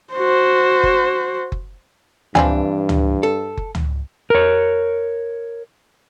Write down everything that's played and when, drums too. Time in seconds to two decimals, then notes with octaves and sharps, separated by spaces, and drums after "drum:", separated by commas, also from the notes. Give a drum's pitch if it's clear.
0.14 F#4 C5
0.83 drum: kick F#1
1.52 drum: kick F#1
2.35 G2 E3 F3 C4 D4 G#5, drum: tom C#2
2.89 drum: tom C#2
3.23 A4
3.57 drum: kick F#1
3.75 drum: tom C#2
4.30 A#4 C#5